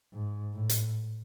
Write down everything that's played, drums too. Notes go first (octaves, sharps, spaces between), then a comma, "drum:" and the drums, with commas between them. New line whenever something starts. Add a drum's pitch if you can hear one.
G#2
A2
drum: hi-hat